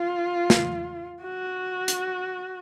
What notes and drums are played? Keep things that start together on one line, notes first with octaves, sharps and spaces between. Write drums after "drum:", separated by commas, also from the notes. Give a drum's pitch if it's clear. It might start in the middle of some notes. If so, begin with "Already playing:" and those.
Already playing: F4
drum: snare
F#4
drum: hi-hat